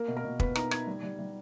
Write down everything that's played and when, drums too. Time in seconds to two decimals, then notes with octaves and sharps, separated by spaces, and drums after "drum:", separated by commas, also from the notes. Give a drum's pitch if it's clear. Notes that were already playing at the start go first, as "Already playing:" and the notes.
Already playing: A#3 A#4
0.08 B2
0.17 A#4
0.25 B2
0.40 B2 B4, drum: kick
0.55 D#4 A#5, drum: rim click
0.71 D#4 G#6, drum: rim click
0.87 G3
1.03 G3
1.19 G3